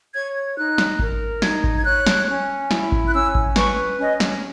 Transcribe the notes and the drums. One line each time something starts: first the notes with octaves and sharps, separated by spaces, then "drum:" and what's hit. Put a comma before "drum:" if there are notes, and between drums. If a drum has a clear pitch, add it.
C#5 G#6
D#4 F#6
drum: snare
A#4, drum: kick G#1
D#4 G#6, drum: snare
drum: kick G#1
G#6
C#5 F#6
drum: snare
C#4
E4, drum: snare
drum: kick G#1
F#6
C#4 E6
drum: kick G#1
B4 C#6, drum: snare
C#4 D#5
drum: snare